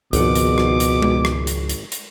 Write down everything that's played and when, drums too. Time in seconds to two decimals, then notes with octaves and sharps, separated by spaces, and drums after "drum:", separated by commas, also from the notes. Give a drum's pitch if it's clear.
0.13 G#1 C#2 B2 F3 F#5 D6, drum: hi-hat
0.35 drum: hi-hat
0.58 drum: rim click
0.80 drum: hi-hat
1.02 drum: tom G#3
1.25 drum: rim click
1.47 drum: hi-hat
1.69 drum: hi-hat
1.92 drum: hi-hat